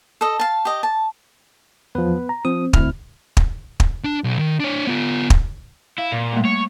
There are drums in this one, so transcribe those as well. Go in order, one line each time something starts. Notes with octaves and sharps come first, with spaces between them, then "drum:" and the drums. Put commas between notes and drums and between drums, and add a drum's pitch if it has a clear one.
A4 D#5
F5 A5
G4 D#5
A5
E2 F3 B3 B4
A#5
F3 C4 D#6
D2 E4 F6, drum: kick
drum: kick
drum: kick
D4
B1
D#3
D4 C#5
B3 F4
drum: kick
E4 F5
A#2
G3 A3 A#3
C#5